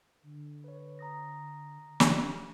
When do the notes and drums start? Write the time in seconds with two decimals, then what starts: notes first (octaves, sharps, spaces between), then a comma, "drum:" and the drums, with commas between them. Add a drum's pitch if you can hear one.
0.23 D3
0.64 B4 C#5
0.99 A#5 D#6 A#6
2.00 drum: snare